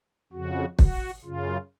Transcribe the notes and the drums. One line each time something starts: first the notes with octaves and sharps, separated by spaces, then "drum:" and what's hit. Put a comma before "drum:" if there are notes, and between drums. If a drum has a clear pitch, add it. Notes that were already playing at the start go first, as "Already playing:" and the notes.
F2 C#3 F#4
F#4, drum: kick
F#2 C#3 F4